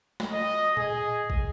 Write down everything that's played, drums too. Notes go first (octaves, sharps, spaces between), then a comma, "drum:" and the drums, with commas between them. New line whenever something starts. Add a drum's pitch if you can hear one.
drum: snare
D#5
G#4, drum: tom A#2
drum: kick